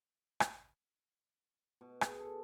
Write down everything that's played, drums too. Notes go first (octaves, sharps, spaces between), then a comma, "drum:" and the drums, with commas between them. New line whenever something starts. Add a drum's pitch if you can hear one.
drum: rim click
B2
G#4, drum: rim click
A4